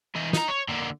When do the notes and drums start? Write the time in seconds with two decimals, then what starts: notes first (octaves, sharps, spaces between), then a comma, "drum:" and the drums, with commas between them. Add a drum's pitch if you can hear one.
0.16 E3 D#5
0.33 D#4 A#5, drum: snare
0.48 C#5
0.69 D3 A#3